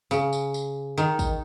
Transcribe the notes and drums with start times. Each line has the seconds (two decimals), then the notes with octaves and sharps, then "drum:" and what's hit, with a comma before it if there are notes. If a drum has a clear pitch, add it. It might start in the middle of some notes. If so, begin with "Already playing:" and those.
0.11 C#3, drum: tambourine
0.33 drum: tambourine
0.54 drum: tambourine
0.98 D#3, drum: tambourine
1.19 drum: kick, tambourine